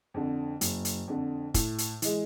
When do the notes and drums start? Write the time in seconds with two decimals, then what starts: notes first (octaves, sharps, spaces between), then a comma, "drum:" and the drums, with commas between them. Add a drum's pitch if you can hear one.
0.14 F2 D3
0.61 F#1, drum: hi-hat
0.85 drum: hi-hat
1.08 F2 D3
1.54 A2, drum: kick, hi-hat
1.78 drum: hi-hat
2.02 E3 G#3, drum: hi-hat